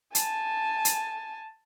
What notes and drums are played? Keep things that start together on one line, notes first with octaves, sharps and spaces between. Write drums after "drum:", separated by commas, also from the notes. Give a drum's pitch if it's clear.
G#5 A5, drum: hi-hat
drum: hi-hat